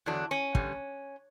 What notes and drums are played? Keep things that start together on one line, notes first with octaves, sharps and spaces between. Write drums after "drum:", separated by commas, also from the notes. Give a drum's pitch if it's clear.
E2 D3 F#3 D4
C#4
G2 D3 G3, drum: kick